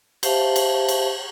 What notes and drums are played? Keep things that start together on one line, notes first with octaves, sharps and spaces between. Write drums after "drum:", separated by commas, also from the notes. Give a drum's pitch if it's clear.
G4 C5 E5 F5 A5, drum: cymbal
drum: cymbal
drum: cymbal